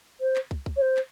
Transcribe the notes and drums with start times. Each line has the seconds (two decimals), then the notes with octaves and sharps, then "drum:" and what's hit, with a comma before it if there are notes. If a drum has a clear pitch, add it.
0.20 C5
0.36 drum: clap
0.51 drum: kick
0.66 drum: kick
0.76 C#5
0.81 C5
0.97 drum: clap